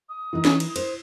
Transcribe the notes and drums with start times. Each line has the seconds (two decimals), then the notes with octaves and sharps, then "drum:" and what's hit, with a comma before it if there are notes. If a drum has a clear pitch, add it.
0.09 D#6
0.33 E3 D#4 E4
0.45 drum: snare C#4
0.60 drum: cymbal
0.76 C5, drum: cymbal